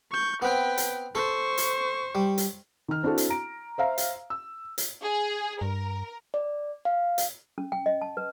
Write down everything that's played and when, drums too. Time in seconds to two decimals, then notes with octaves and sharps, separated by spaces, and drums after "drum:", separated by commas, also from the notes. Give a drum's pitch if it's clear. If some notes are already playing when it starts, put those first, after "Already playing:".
0.11 C#6 G6
0.42 B3 C4 B4 G5
0.77 drum: hi-hat
1.15 A4 C5 C#6
1.58 drum: hi-hat
2.15 G3
2.38 drum: hi-hat
2.88 D#3 F6
3.03 C4 D4 E4 F#4 A4
3.18 drum: hi-hat
3.30 A#5 D7
3.78 C5 E5 F5 A#5
3.98 drum: hi-hat
4.30 E6
4.78 drum: hi-hat
5.03 G#4
5.61 G2 A#4
6.34 D5
6.85 F5
7.18 drum: hi-hat
7.58 C#4
7.72 G5
7.86 D#5
8.01 A5
8.17 B4